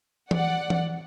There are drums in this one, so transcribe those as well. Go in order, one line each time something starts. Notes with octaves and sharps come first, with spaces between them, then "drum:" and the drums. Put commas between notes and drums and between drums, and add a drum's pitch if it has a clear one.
D5 F#5, drum: tom E3
drum: tom E3